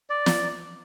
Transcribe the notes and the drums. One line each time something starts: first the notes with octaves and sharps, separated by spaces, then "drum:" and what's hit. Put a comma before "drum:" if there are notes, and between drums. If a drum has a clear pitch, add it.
D5
drum: snare